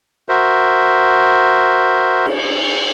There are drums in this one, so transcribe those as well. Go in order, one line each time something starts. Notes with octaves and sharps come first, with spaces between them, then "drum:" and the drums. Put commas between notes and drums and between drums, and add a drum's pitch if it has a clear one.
F#4 A#4 C5 E5
drum: cymbal